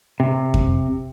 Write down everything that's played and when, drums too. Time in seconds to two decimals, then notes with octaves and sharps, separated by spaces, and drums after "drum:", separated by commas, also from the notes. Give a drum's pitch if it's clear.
0.20 C3
0.54 drum: kick F2